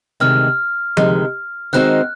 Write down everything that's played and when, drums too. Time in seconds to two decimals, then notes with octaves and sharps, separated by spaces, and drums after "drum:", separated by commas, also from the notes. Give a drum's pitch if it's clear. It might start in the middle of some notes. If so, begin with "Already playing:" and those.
0.20 D2 C3 D#3 G#3 F6
0.97 D2 C3 D#3 G#3, drum: tom F3
1.73 D#3 G#3 C4 D#4 F#4 F#6